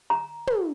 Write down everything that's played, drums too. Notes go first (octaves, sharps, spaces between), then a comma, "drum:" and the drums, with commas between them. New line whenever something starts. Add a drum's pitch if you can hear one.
A#5
drum: tom